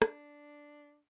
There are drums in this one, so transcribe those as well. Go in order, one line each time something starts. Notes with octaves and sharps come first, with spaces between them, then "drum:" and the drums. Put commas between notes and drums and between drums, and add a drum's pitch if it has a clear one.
D4, drum: rim click